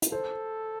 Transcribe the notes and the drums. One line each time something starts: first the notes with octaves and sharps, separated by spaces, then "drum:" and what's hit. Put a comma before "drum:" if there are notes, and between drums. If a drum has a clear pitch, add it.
drum: hi-hat
A4 C5